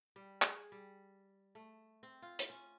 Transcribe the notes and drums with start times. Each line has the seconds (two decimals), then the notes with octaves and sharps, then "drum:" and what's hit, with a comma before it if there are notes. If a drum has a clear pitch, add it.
0.16 G3
0.42 G#4, drum: clap
0.72 G3
1.55 A3
2.03 C4
2.22 F4
2.39 drum: hi-hat
2.50 C#4